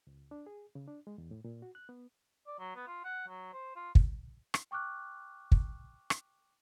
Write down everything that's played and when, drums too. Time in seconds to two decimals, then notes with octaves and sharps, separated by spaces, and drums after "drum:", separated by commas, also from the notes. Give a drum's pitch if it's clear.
0.07 C#2
0.31 D4
0.47 G#4
0.75 C#3
0.87 D4
1.07 G#3
1.18 E2
1.31 A2
1.44 A#2
1.62 F#4
1.75 F#6
1.89 B3
2.47 D5
2.59 F#3
2.76 B3
2.87 F4
3.04 F#5
3.28 F#3
3.53 C5
3.76 F4
3.95 drum: kick
4.54 drum: rim click
4.71 G5 C#6 D6 F6 F#6
5.52 drum: kick
6.10 drum: rim click